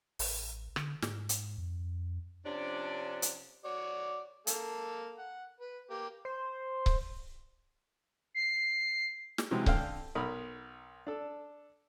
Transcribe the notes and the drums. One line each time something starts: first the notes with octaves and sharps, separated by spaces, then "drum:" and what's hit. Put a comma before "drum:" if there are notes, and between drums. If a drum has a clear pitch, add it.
A1, drum: open hi-hat
D3, drum: rim click
G#2, drum: snare
drum: hi-hat
F2
C3 F3 C#4 D4
drum: hi-hat
F#4 C#5 D5
A#3 A4 F5, drum: hi-hat
F#5
B4
A#3 G4
C5
drum: kick C#1
C7
drum: snare
C3 E3 F#3 G#3
D3 C4 C5 F5 G5, drum: kick C#1
B1 A#4 B5 D#6
D4 A4